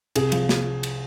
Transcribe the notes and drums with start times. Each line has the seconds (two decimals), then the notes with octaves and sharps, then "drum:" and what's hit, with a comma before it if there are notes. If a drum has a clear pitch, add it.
0.16 C2 G#4, drum: cymbal
0.32 F3, drum: cymbal
0.49 drum: snare
0.83 drum: cymbal